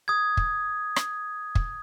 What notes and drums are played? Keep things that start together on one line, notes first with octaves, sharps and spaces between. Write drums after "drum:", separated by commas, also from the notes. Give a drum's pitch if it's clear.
D#6 G#6
drum: kick
drum: rim click
drum: kick